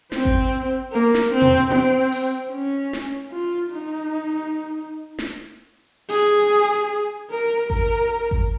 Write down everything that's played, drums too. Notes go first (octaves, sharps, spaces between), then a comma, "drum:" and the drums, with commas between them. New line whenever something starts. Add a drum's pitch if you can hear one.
C4, drum: snare
drum: kick G#1
A#3
drum: snare
C4
drum: tom B2
C4, drum: tom B3
drum: open hi-hat
C#4
drum: snare
F4
D#4
drum: snare
G#4, drum: open hi-hat
A#4
A#4, drum: kick G#1
drum: kick G#1